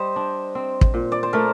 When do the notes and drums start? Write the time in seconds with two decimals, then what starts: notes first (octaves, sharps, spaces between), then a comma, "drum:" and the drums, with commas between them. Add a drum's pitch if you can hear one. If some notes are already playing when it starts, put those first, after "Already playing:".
Already playing: G3 C5 D#5
0.16 D4
0.55 C4
0.81 drum: kick
0.94 A#2
1.12 D5
1.23 C5
1.33 A3 A#4